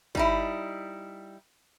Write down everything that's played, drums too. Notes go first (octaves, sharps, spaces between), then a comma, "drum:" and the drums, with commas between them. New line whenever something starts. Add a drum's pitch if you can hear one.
G3 D#4 E4, drum: kick